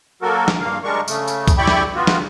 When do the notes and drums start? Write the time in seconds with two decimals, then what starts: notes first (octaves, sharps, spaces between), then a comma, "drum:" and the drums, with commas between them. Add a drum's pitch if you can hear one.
0.22 F#3 A#3 F#4 A4 A#4
0.48 drum: snare
0.61 G2 A#3 F5
0.84 G3 G#3 D4 A#4 C#6
1.08 C#3 A3, drum: tambourine
1.28 drum: tambourine
1.48 drum: kick C2, tambourine
1.58 E4 G4 D5 G5 B5 C#6
1.67 drum: snare
1.95 B3 F4 F#4
2.07 drum: snare